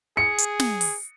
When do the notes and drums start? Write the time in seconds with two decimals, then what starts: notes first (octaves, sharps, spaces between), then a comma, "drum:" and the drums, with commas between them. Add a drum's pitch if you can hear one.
0.17 G#4 C#7
0.38 drum: hi-hat
0.60 drum: snare
0.81 drum: open hi-hat